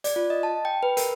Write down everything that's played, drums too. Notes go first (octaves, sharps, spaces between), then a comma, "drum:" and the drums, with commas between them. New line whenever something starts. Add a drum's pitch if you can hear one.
D5, drum: hi-hat
F4
D#5
A5
G5
B4
A#4, drum: hi-hat